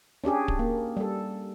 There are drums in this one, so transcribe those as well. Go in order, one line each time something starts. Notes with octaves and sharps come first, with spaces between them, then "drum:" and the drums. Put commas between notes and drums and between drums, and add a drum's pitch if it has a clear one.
C#4 D4 G4 G#4
drum: kick D1
A#3
G3 A4